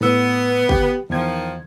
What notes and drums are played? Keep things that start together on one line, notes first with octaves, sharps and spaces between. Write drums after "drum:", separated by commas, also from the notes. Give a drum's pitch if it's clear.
A2 B3 E6
G4, drum: kick
E2 D#3 F3 G#6